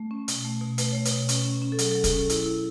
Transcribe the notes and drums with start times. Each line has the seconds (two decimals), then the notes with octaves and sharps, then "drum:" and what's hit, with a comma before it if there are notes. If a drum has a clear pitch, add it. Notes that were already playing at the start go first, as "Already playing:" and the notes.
Already playing: A3
0.11 C#4
0.28 B2, drum: hi-hat
0.45 A3
0.61 B2
0.78 A3 B4, drum: hi-hat
0.92 A3 C#5
1.05 B4, drum: hi-hat
1.11 B2
1.29 C#4, drum: hi-hat
1.45 C#4
1.62 C#4
1.72 A4
1.79 F#3 G#4, drum: hi-hat
1.91 A4
1.95 F#3
2.04 G#4, drum: kick, hi-hat
2.13 C#4 A4
2.29 E4, drum: hi-hat
2.46 E4